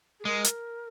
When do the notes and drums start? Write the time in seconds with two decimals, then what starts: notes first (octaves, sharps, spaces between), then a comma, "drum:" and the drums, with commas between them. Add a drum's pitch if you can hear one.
0.20 G#4
0.25 G#3 A#4
0.45 drum: hi-hat